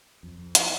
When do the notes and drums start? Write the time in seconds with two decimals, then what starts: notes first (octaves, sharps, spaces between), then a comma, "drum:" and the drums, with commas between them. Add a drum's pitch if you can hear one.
0.23 F2
0.55 drum: hi-hat